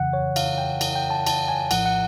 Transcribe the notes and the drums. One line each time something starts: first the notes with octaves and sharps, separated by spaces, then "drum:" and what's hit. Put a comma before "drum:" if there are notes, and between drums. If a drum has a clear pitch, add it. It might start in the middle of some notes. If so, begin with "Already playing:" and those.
Already playing: F2 C#3 E3 F#5
C#5
F5, drum: cymbal
G5
drum: cymbal
G5
A5
A5, drum: cymbal
G#5
A#1 A2 F3 F#5, drum: cymbal
F#5